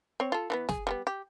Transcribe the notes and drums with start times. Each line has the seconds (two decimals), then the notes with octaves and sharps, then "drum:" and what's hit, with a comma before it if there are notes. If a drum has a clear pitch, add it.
0.20 C4 C#5
0.32 F4 A4
0.50 E3 F#3 B3
0.69 G#4, drum: snare
0.87 G3 G#3 B3
1.07 G4